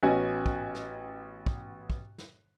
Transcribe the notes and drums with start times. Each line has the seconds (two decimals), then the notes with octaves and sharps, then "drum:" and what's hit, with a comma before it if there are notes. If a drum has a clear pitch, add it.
0.03 A1 B3 C#4 F#4 D#5 G#5
0.46 drum: kick
0.75 drum: snare
1.46 drum: kick
1.90 drum: kick
2.18 drum: snare